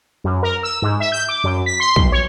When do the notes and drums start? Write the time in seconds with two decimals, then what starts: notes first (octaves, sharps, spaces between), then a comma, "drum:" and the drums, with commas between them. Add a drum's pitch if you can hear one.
0.24 F#2
0.43 A#4
0.63 E6
0.82 G#2
1.00 E5
1.12 G6
1.29 D6
1.44 F#2
1.66 B6
1.80 C6
1.96 B1, drum: kick
2.12 C#5